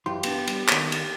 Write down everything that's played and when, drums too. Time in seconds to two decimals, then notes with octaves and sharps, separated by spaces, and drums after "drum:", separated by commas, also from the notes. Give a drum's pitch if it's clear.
0.06 F#2 E3 F4 G4 C6
0.23 B3 D4, drum: cymbal
0.47 G3, drum: cymbal
0.68 D#3 A#3, drum: clap
0.92 drum: cymbal